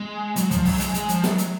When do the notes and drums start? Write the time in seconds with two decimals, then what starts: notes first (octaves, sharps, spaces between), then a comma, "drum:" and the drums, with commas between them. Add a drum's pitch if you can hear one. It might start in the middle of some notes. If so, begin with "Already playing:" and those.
Already playing: G#3
0.36 F#3, drum: hi-hat
0.51 F3, drum: kick, hi-hat
0.65 F#3, drum: kick, open hi-hat
0.80 G#3, drum: hi-hat
0.94 G#3, drum: hi-hat
1.09 F3, drum: hi-hat
1.24 F#3, drum: snare
1.38 drum: hi-hat